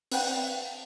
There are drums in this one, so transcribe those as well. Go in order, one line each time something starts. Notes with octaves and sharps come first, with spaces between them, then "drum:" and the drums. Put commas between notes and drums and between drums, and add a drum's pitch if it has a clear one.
C4 B4 F#5 G5, drum: open hi-hat